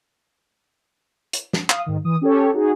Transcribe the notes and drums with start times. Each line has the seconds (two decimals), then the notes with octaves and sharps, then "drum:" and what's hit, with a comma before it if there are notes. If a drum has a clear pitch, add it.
1.33 drum: hi-hat
1.53 drum: snare
1.70 F5 D#6, drum: clap
1.86 G#2 D#3
2.04 E3 D#6
2.22 C#4 G4 A4 C#5
2.53 D#4 F#4 G#4